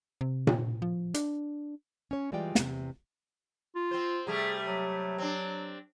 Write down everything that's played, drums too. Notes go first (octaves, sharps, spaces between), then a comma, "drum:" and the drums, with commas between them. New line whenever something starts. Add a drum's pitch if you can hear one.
C3
drum: tom A#2
F3
D4, drum: hi-hat
C#4 C#5
E3 G3 G#3 F4 D5 G5
E2 C3, drum: snare
F4
C4 C5
C3 G3 A3 G#4
F#3
C4 D4